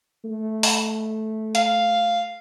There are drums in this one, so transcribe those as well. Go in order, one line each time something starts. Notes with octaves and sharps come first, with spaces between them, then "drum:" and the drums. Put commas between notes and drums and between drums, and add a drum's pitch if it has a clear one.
A3
drum: open hi-hat
F5, drum: hi-hat